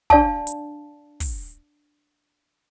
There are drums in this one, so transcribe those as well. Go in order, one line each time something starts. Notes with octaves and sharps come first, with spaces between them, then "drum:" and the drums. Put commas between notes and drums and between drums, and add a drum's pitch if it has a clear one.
D4 D5 F5 A5, drum: kick
drum: hi-hat
drum: kick, open hi-hat